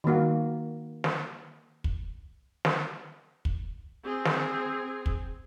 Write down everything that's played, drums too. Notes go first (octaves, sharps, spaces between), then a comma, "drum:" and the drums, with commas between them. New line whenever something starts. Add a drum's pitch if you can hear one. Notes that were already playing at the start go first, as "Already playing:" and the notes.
D#3 G3 A#3 F#4
drum: snare
drum: kick
drum: snare
drum: kick
C4 G#4
drum: snare
drum: kick